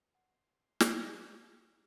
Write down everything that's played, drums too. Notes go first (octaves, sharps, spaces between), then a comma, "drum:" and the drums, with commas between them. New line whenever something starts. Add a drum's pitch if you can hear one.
F#5 C6
drum: snare